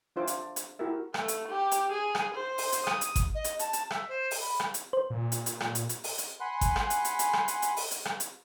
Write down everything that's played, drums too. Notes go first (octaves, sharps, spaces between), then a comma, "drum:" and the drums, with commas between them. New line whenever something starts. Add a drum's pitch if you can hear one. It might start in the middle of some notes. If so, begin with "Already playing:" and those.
D4 F4 C5 E5 D6
drum: hi-hat
A5
drum: hi-hat
E4 F#4 G4 A#4 E5
A3, drum: rim click
drum: hi-hat
G4
drum: hi-hat
G#4
drum: rim click
C5
drum: open hi-hat
drum: hi-hat
D#6, drum: rim click
drum: hi-hat
drum: kick G#1, hi-hat
D#5
drum: hi-hat
A5, drum: hi-hat
drum: hi-hat
E5, drum: rim click
C5
drum: open hi-hat
B5
drum: rim click
drum: hi-hat
C5
A#2
drum: hi-hat
drum: hi-hat
drum: rim click
drum: hi-hat
drum: hi-hat
drum: open hi-hat
drum: hi-hat
F#5 G#5 B5 C6 F#6
drum: kick G#1, hi-hat
drum: rim click
drum: hi-hat
drum: hi-hat
drum: hi-hat
drum: rim click
drum: hi-hat
drum: hi-hat
drum: open hi-hat
drum: hi-hat
drum: rim click
drum: hi-hat